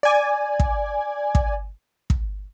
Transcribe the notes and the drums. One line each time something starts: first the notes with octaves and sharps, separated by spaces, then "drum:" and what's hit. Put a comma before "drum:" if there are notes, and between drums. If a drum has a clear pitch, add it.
D5 G#5
drum: kick
drum: kick
drum: kick